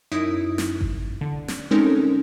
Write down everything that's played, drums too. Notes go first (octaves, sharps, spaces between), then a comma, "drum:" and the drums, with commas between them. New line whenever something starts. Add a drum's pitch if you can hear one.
F#2 D#4 E4 D#6 D7
drum: snare
drum: kick G#1
D3
drum: snare
G#3 C4 C#4 D#4 A4 A#4